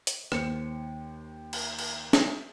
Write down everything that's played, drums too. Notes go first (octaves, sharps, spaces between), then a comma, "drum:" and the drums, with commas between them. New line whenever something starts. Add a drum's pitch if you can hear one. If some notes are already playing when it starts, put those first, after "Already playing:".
drum: hi-hat
D#2 C5 C#7, drum: rim click
drum: cymbal
drum: cymbal
drum: snare